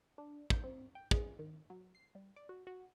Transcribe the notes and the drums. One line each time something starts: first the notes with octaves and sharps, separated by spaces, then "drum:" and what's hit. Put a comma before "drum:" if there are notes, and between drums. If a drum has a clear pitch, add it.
D4
G6, drum: kick
C4
G5
G#4, drum: kick
D#3
F#3
C7
G3
D5
F#4
F#4